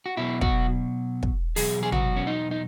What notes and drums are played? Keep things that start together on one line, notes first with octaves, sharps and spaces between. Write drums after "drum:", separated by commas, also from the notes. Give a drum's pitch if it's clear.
F#4
B2 F#3 E4
F#4, drum: kick
drum: kick
E2 B2 F#3 G#4, drum: open hi-hat
G#4
F#4, drum: tom
C#4
D#4
D#4